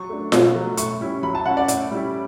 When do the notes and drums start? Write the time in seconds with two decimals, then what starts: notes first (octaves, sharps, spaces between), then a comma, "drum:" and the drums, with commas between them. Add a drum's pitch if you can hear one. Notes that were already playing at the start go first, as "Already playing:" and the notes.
Already playing: F#3 C#6
0.10 A3 D4
0.32 B2, drum: snare F4
0.55 F#3 A3
0.77 A2 C#6, drum: hi-hat
1.00 G3 C#4 E4
1.23 F#3 B5
1.35 A5
1.46 C#4 E4 F#5
1.57 D5
1.68 A2 D5, drum: hi-hat
1.91 G3 C#4 E4